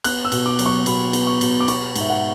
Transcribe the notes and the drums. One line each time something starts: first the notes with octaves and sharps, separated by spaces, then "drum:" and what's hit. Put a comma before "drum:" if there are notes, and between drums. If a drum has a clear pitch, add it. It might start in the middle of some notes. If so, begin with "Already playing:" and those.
B3 F#6, drum: cymbal
E6
B2, drum: cymbal
D6
F#3, drum: cymbal
C#6
B2 B5, drum: cymbal
B3, drum: cymbal
C#6
B2, drum: cymbal
D6
B3 C#6, drum: cymbal
G#2, drum: cymbal
E5
F#5